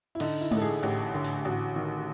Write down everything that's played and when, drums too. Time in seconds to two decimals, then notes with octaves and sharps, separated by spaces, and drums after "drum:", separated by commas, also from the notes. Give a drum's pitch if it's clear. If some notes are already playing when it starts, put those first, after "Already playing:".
0.15 E4
0.20 D3 D#4, drum: cymbal
0.41 E4
0.51 A1, drum: tom G#3
0.57 A4
0.62 G#4
0.83 A1 G4
1.14 D3
1.24 drum: open hi-hat
1.45 A1 F#4
1.76 D#3